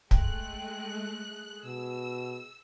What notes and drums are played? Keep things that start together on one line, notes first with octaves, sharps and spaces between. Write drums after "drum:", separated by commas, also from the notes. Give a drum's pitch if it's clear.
G#3 A3 G5 F#6, drum: kick
G#4
B2 E6